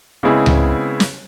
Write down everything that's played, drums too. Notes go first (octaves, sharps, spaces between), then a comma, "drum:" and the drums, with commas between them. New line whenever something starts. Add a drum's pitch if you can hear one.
C#3 G#3 B3 C4 E4 G#4
drum: tom C#2
drum: snare